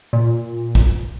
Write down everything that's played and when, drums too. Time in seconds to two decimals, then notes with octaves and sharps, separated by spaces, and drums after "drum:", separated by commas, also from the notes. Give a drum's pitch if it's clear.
0.13 A#2
0.75 drum: kick